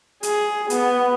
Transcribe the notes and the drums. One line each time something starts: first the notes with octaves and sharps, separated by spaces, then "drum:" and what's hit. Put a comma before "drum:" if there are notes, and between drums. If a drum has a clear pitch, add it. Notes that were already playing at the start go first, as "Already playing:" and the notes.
G#4, drum: hi-hat
B3, drum: hi-hat